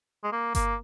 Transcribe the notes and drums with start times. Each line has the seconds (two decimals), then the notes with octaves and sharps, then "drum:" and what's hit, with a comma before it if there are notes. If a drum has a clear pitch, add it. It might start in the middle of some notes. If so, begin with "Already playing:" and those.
0.24 G#3
0.32 A#3
0.55 A#3, drum: kick G1, hi-hat